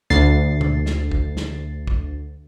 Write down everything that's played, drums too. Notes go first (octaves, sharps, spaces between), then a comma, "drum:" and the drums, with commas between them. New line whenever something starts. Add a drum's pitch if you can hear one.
D2 A6 C7, drum: snare
drum: tom B2
drum: snare
drum: kick
drum: snare
drum: kick